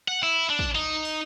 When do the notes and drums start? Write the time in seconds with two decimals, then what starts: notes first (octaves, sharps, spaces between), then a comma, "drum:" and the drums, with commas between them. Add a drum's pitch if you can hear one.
0.08 F#5
0.23 E4
0.49 D4
0.59 drum: kick
0.75 D#4
1.05 drum: open hi-hat